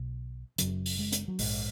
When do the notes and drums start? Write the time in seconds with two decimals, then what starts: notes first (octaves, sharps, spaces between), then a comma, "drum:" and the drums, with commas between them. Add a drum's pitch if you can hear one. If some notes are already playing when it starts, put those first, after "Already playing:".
Already playing: B1 B2
0.58 F#1 F#2 C#3 F#3, drum: hi-hat
0.86 drum: open hi-hat
0.99 G#3
1.12 drum: hi-hat
1.28 F#3
1.39 A#1 G#2 G#3, drum: open hi-hat